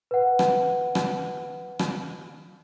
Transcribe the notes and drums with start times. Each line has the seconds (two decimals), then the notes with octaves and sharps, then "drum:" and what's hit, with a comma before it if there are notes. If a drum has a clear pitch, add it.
0.11 B4 F#5
0.39 drum: rim click
0.95 drum: rim click
1.79 drum: rim click